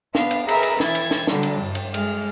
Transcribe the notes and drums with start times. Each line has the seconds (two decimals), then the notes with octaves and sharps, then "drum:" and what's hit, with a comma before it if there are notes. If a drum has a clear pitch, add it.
0.15 B3 D4 F5, drum: snare
0.31 drum: cymbal
0.48 G#4 A#4 B4 D#5 E5 A#5, drum: cymbal
0.63 drum: cymbal
0.80 E3 E4 G#6 A6, drum: snare
0.95 drum: cymbal
1.11 drum: snare
1.27 D3 F#3 G3, drum: snare
1.43 drum: cymbal
1.62 G2
1.75 drum: cymbal
1.94 G#3 F6, drum: cymbal